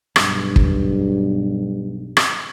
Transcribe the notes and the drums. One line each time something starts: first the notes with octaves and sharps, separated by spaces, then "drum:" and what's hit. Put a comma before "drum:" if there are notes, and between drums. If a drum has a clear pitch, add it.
B1 G2, drum: rim click
drum: kick
drum: rim click